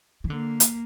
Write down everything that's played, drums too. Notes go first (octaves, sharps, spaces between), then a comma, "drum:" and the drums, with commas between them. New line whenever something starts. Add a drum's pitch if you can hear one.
E3
D3 A#3
drum: hi-hat